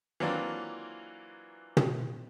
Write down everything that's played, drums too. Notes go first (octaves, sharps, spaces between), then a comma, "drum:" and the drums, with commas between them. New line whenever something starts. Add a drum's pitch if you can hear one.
E3 F#3 A#3 C4 D4 F4
drum: tom